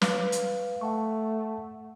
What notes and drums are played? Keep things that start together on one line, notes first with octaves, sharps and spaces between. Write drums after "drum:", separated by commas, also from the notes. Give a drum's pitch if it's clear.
B4 F5, drum: snare
drum: hi-hat
A3 F#5 A5 C#6